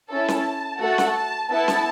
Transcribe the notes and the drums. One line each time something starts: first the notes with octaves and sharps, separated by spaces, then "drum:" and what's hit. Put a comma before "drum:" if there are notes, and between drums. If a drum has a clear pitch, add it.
C#4 E4 A4 A5
drum: snare C#4
A3 F#4 A4 F#5
drum: snare C#4
A5
B3 E4 A4 A5
drum: snare C#4